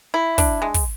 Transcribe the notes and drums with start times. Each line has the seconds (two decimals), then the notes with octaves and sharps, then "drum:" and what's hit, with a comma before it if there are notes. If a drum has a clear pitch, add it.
0.14 E4
0.38 D4, drum: kick, open hi-hat
0.62 G#3
0.74 drum: kick, open hi-hat